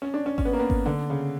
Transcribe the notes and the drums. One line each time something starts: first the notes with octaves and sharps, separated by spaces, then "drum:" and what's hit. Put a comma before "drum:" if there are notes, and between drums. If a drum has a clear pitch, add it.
C#4
D4
C#4
C#4, drum: kick G#1
B3
A#3
B3
drum: kick G#1
D3
C#3